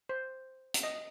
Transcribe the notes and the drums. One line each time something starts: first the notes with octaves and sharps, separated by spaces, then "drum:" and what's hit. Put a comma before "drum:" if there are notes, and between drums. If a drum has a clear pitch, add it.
C5
drum: hi-hat
D#5